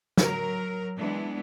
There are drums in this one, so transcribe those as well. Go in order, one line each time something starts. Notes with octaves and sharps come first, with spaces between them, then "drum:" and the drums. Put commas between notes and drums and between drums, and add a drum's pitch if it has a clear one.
F#3 A#4, drum: snare
E3 G#3 B3 D4